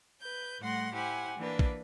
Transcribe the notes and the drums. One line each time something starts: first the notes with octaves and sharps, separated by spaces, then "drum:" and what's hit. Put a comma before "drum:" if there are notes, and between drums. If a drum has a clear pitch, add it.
B4 G6
A2 G3 A3 F#5 C6 A#6
E4 G4 C5 F#5 G#5
E3 A#3 D4 B4
drum: kick